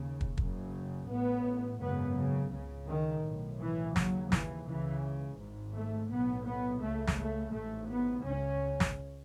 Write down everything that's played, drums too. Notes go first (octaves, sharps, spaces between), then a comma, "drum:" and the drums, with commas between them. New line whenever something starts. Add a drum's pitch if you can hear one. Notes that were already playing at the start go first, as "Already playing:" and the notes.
Already playing: D#2 C#3
drum: kick
F#1 F#2 C#3, drum: kick
A1 A2 B3
G#1 F#2 C#3 B3
C#3
C#2 C#3
D#3
B1 A2
E3
D#2 C#3 F#3, drum: snare
E3, drum: snare
C#2 C#3 E3
G#1 G#2
A3
B1 A2 B3
B3
C#2 C#3 A3
drum: snare
A3
A1 G#2 A3
B3
C#2 C#3 C#4
drum: snare